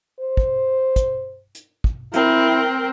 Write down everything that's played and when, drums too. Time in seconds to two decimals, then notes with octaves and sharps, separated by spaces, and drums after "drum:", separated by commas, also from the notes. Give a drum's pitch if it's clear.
0.20 C5
0.37 drum: kick
0.96 drum: kick, hi-hat
1.55 drum: hi-hat
1.84 drum: kick
2.14 C4 E4 A#4, drum: hi-hat